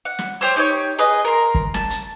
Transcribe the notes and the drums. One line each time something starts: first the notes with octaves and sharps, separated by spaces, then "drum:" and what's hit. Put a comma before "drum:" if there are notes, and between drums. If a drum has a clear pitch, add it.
F#5
drum: snare
G4 C5 C#5 E6
D#4 G4 A4 C#5
G#4 B4 D#5
A#4 C6
drum: kick
A5, drum: snare
drum: hi-hat